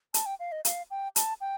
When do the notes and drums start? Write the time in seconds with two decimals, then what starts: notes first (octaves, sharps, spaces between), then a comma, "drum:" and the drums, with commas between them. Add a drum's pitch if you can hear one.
0.14 A5, drum: hi-hat
0.26 G5
0.39 F5
0.52 D#5
0.65 F5, drum: hi-hat
0.90 G5
1.16 A5, drum: hi-hat
1.41 G5